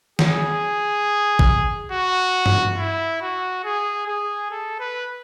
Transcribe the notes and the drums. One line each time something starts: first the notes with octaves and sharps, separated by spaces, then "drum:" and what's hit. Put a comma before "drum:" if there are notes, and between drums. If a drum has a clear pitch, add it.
G#4, drum: snare
drum: kick
F#4
drum: tom G2
E4
F#4
G#4
G#4
A4
B4